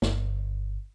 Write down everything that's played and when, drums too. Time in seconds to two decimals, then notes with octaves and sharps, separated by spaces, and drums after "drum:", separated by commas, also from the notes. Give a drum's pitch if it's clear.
0.02 G1, drum: snare